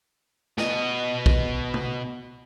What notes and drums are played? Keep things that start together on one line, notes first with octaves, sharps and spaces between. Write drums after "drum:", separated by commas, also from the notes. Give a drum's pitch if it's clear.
B2 D#5, drum: snare
drum: kick
drum: tom C3